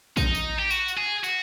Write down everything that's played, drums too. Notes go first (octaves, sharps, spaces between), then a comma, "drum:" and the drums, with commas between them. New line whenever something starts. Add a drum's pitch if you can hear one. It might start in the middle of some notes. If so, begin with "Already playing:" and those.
D#4, drum: kick, tambourine
drum: tambourine
G4
F#4, drum: tambourine
drum: tambourine
G#4
F#4, drum: tambourine